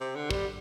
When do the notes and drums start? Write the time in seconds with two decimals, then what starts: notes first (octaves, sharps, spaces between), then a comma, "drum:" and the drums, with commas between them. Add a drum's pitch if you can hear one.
0.01 C3
0.16 D3
0.30 G3, drum: kick